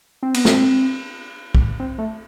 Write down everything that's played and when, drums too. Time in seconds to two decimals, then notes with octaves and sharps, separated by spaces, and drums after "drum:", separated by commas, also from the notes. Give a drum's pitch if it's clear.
0.23 C4
0.34 B3, drum: cymbal
0.45 C4, drum: snare
1.55 drum: kick
1.80 C4
1.98 A3